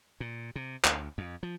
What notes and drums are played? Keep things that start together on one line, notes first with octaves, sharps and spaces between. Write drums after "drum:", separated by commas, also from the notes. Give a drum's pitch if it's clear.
A#2
C3
D2, drum: clap
F2
F3